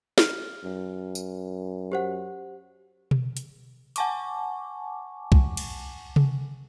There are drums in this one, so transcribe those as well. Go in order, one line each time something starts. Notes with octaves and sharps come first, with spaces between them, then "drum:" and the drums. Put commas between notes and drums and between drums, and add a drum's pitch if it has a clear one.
F6, drum: snare
F#2
drum: tambourine
G4 C5 F#5
drum: tom B2
drum: hi-hat
F#5 G#5 A5 C#6 D6, drum: hi-hat
drum: kick C2
drum: cymbal
drum: tom C3